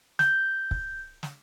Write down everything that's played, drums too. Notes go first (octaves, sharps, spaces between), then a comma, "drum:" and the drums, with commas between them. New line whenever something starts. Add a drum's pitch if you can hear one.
G6, drum: snare
drum: kick
drum: snare